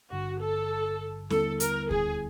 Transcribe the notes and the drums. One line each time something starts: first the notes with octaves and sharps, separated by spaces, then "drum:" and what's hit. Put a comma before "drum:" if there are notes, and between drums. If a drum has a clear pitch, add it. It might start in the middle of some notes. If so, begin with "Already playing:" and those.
G#1 G2 D3 F#4
A4
D#2 D3 G3 B3 E4 A4, drum: snare C#4
A#4, drum: hi-hat
G#4, drum: kick D2